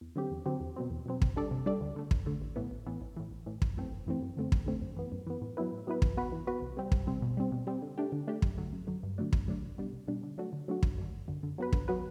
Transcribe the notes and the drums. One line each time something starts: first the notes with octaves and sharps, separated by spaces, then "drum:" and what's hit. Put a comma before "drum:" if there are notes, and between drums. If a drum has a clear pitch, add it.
E2
D3 F#3 C4 G4
E2
D3 F#3 C4 G4
E2
B2 F#3 C4
E2
B2 F#3 C4
C3, drum: kick
G3 D4 A4 D5
C3
G3 D4 A4 D5
D2
D3 A3
D2, drum: kick
D3 A3
A1
A2 E3 B3
A1
A2 E3 B3
A1
A2 E3
A1
A2 E3
G1, drum: kick
F#2 E3 A3 C4
G1
F#2 E3 A3 C4
F#2
D3 A3 C4
F#2, drum: kick
D3 A3 C4
F#2
E3 B3
F#2
E3 B3
A2
F#3 B3 E4 B4
A2
F#3 B3 E4 B4
E3, drum: kick
B3 F#4 B4
E3
B3 F#4 B4
C2
C3 G3 C4
C2, drum: kick
C3 G3 C4
B2
G3 C4
B2
G3 C4
D3
A3 D4 G4
D3
A3 D4 G4
F#2, drum: kick
D3 F#3
F#2
D3 F#3
G2
D3 F#3 A3 D4
G2, drum: kick
D3 F#3 A3 D4
C2
B2 G3 D4
C2
B2 G3 D4
D3
F#3 A3 D4 F#4
D3
F#3 A3 D4 F#4
G1, drum: kick
F#2 D3
G1
F#2 D3
D3
F#3 B3 F#4 B4
D3, drum: kick
F#3 B3 F#4 B4